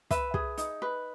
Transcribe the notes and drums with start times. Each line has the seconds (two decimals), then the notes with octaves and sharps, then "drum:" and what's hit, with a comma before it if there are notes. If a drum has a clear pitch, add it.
0.11 B4 E5, drum: kick, hi-hat
0.34 G#4, drum: kick
0.58 D#4, drum: hi-hat
0.82 B4